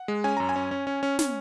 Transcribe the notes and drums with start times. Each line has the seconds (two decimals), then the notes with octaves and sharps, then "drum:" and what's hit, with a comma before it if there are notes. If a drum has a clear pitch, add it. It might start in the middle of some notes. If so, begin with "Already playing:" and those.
Already playing: F#5
0.08 G#3
0.24 C#4 G#5
0.37 F#2 A#5
0.49 G#5
0.56 C#4
0.71 C#4
0.87 C#4
1.03 C#4
1.19 C#4, drum: snare